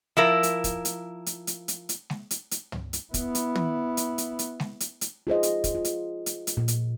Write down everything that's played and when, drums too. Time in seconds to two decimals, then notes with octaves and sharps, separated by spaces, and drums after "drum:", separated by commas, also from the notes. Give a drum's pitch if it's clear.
0.17 F3 E4 A#4
0.43 drum: hi-hat
0.64 drum: kick, hi-hat
0.85 drum: hi-hat
1.26 drum: hi-hat
1.47 drum: hi-hat
1.68 drum: hi-hat
1.89 drum: hi-hat
2.10 drum: snare
2.31 drum: hi-hat
2.51 drum: hi-hat
2.72 drum: tom
2.93 drum: hi-hat
3.14 B3 E4, drum: kick, hi-hat
3.35 drum: hi-hat
3.55 drum: tom
3.97 drum: hi-hat
4.18 drum: hi-hat
4.39 drum: hi-hat
4.60 drum: snare
4.80 drum: hi-hat
5.01 drum: hi-hat
5.27 F4 G#4 C5 D#5
5.43 drum: hi-hat
5.64 drum: kick, hi-hat
5.75 F4
5.85 drum: hi-hat
6.26 drum: hi-hat
6.47 drum: hi-hat
6.57 A#2
6.68 drum: hi-hat